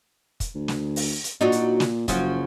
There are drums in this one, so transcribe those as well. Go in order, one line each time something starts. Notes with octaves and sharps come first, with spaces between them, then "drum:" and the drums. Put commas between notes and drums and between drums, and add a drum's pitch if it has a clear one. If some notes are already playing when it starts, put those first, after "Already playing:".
drum: kick, hi-hat
D2
drum: snare
drum: open hi-hat
drum: hi-hat
A#2 F#3 D4 D#4
drum: hi-hat
drum: snare
F#1 C#3 F3 F#3, drum: kick, hi-hat